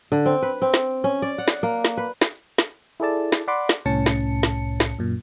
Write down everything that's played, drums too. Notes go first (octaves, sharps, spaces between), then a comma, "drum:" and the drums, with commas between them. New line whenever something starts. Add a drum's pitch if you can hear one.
D3
C4
B4
C4
drum: snare
C#4
D5
F#5
drum: snare
A#3
drum: snare
B4
drum: snare
drum: snare
E4 G#4 A4 D5 A5
drum: snare
D5 F#5 B5 C6 D6
drum: snare
C2 A2 C#4 A5 C#7
drum: snare
drum: snare
drum: snare
F#2 A#2